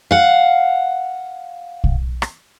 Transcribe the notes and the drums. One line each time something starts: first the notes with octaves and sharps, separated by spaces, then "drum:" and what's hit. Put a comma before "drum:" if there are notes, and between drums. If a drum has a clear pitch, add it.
F5 F#5
drum: kick
drum: rim click